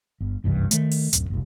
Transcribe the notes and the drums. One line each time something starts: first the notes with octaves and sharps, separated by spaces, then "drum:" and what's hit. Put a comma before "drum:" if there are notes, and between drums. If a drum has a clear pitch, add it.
G1
F#1 C2 G2 E3
D#3 A3, drum: hi-hat
drum: open hi-hat
D1 F#2, drum: hi-hat
F#1 C2